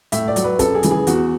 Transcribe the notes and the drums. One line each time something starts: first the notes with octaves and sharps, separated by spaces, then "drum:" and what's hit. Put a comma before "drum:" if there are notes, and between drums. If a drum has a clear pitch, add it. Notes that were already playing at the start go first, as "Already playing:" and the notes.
A2 E5, drum: hi-hat
D5
F#3, drum: hi-hat
B4
F#2 A4, drum: kick, hi-hat
G#4
C#3 E3, drum: hi-hat
G#4
E2 F#4, drum: hi-hat